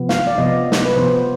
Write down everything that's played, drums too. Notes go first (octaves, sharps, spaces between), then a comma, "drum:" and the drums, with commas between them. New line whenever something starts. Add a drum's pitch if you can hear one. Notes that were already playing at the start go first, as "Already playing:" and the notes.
Already playing: C3 F3 B3
F5, drum: snare
D5
C3 F3 B3 D#5
drum: snare
B4
C3 F3 B3 C5